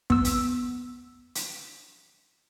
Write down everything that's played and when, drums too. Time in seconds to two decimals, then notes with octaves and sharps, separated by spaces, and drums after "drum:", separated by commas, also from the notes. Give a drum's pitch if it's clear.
0.10 B3 E6, drum: kick
0.25 drum: hi-hat
1.35 drum: hi-hat